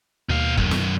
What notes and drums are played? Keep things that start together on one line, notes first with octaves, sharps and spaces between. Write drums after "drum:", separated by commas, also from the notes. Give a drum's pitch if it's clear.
D#2 B2 F5
B1 F#2, drum: kick
drum: snare